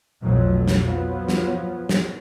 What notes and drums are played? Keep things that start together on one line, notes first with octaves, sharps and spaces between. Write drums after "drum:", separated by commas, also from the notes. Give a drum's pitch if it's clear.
B1 F2 B2 F#3 A3
drum: snare
F3 F#3 B3
drum: snare
drum: snare